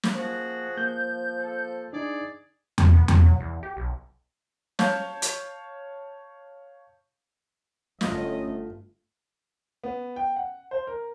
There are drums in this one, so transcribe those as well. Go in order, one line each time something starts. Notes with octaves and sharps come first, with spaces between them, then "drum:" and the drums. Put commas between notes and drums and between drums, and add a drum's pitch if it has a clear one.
drum: snare
F3 A#3 F#4 G#4
A#3 G6
A4
D4 D#4 G#4 D5
E2, drum: tom E2
B3
G2, drum: tom E2
F#3
E2
G4
B1
C#5 F5 A5 G6, drum: snare
drum: hi-hat
G1 A3 C#4 F4 D#5, drum: snare
B3
G5
F#5
C5
A#4